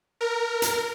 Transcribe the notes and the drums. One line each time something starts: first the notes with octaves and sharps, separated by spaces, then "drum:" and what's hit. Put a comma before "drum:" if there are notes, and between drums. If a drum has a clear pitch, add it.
A#4
drum: hi-hat